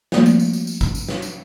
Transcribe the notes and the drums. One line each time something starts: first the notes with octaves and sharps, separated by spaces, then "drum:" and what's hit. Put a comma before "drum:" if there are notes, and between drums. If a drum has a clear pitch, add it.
F3 G3 A3 A#3 C4 F4, drum: snare
drum: tambourine
drum: tambourine
drum: tambourine
drum: tambourine
drum: kick G#1, tambourine
drum: tambourine
drum: snare
drum: tambourine